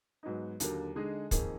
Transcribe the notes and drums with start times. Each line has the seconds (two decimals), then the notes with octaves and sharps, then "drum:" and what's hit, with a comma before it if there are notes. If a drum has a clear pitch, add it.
0.23 G#2 F#3 B3 D#4
0.60 D#2 D3 F#3 A#3, drum: hi-hat
0.95 D3 G#3 D#4 G#4
1.31 F2 D#3 A#3 D#4 G#4, drum: kick, hi-hat